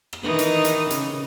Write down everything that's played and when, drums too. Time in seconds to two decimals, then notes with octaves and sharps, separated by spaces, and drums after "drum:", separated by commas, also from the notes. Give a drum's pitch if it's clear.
0.13 drum: rim click
0.22 D#3 E3 D#4
0.39 drum: hi-hat
0.65 drum: hi-hat
0.90 C#3, drum: hi-hat